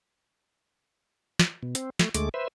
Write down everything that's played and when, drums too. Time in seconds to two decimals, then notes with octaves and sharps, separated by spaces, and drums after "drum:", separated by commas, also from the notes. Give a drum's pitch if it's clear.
1.39 drum: snare
1.63 B2
1.75 C4, drum: hi-hat
1.99 A3, drum: snare
2.14 D2 G#3 A3 D6, drum: hi-hat
2.34 B4 C5 E5